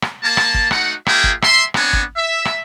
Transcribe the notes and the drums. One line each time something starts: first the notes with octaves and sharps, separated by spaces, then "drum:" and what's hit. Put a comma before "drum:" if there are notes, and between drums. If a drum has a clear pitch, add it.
drum: rim click
A#3 A5
drum: rim click
drum: kick
A3 D#4 F#4 F#5, drum: rim click
A#3 F4 G#4 E5 G5, drum: rim click
drum: kick
E5 C6, drum: rim click
B3 C4 D4 C#5 G#5, drum: rim click
drum: kick
E5
drum: rim click